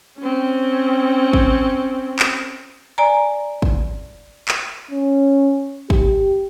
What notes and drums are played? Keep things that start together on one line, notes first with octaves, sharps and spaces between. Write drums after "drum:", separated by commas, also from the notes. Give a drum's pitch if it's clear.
C4 C#4
drum: kick
drum: clap
D5 G#5 A#5
drum: kick
drum: clap
C#4
G4, drum: kick